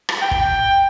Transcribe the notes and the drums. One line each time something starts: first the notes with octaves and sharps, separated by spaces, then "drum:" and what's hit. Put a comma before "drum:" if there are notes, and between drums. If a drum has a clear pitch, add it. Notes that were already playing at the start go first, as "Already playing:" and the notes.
drum: rim click
G5
drum: kick